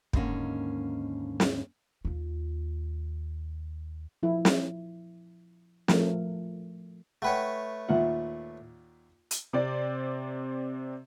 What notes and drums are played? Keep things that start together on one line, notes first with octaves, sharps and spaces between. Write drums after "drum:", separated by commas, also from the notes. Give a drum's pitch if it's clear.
D#2 G#2 D3 A#3 C#4 F#5, drum: kick
drum: snare
D#2 F4
F3 E4
drum: snare
F3 A3 A#4, drum: snare
A3 B4 C#5 F#5 G5 C#6
D#2 A#2 F4 E5 F#5
drum: hi-hat
C3 C4 D5